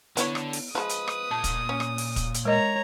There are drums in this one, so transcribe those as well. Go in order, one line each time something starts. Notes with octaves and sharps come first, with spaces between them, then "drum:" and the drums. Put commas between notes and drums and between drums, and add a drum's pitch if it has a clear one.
D3 B3 D4 E4 C#5, drum: hi-hat
drum: rim click
drum: open hi-hat
F3 G#3 B4 D#6
drum: hi-hat
drum: rim click
A#2 A5
drum: kick, hi-hat
C#4
drum: rim click
drum: open hi-hat
drum: kick, hi-hat
drum: hi-hat
G#3 A#4 C#5 D#5 A#5